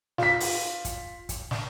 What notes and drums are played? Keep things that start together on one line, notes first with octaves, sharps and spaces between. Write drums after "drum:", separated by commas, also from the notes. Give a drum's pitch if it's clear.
F4 B6, drum: snare
drum: open hi-hat
drum: kick, hi-hat
drum: kick, hi-hat
drum: snare